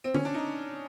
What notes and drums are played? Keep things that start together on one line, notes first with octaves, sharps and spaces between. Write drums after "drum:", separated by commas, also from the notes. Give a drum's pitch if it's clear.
C4
C#4, drum: tom D3
D4
D#4